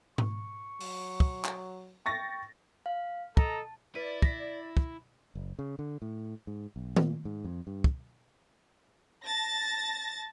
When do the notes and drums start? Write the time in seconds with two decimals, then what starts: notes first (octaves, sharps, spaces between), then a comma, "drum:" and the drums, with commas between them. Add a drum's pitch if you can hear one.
0.18 C#6, drum: tom G#2
0.80 F#3, drum: open hi-hat
1.20 drum: kick
1.45 drum: clap
2.06 G5 C#6 A6 A#6
2.86 F5
3.37 A4 D#5 A5 A#5, drum: kick
3.95 E4 B4 D5 B6 D#7
4.22 A#6 B6, drum: kick
4.77 drum: kick
5.35 F#1
5.59 C#3
5.79 D3
6.02 A2
6.47 G#2
6.76 B1
6.96 A#2, drum: tom D#3
7.25 G#2
7.44 F2
7.67 G2
7.84 drum: kick
9.24 A5 A6 A#6